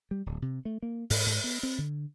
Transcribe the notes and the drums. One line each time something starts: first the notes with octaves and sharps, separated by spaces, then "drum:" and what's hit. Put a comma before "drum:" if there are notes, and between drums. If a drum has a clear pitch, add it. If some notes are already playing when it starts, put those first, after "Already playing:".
G3
D1
C3
A3
A#3
G#2, drum: open hi-hat
G#2
B3
C4
D3